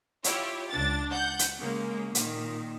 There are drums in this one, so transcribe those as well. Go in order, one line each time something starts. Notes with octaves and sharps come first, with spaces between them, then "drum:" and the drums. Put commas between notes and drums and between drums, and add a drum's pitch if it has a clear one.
E4 F4 G4 C#5, drum: hi-hat
C#2 D4 A6
F#5 G6
drum: hi-hat
C#3 G#3 A#3
A#2 D#3, drum: hi-hat